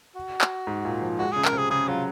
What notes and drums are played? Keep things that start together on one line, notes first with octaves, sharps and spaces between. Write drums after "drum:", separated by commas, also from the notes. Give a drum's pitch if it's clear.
F#4
drum: clap
G#2
A#2
F3
G#3 F#4
C#3 G#4
A#4, drum: clap
C3
G#4
C#3 G#4
F#3 F4